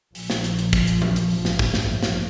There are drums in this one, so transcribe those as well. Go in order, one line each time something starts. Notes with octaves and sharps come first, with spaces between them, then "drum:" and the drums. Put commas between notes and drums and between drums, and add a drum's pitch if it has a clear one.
A#1 A#2 F3, drum: open hi-hat
drum: snare
drum: hi-hat
drum: hi-hat
drum: kick, hi-hat
drum: hi-hat
drum: tom E3
drum: hi-hat
A1 G2, drum: open hi-hat
drum: snare
drum: kick, open hi-hat
drum: snare
drum: snare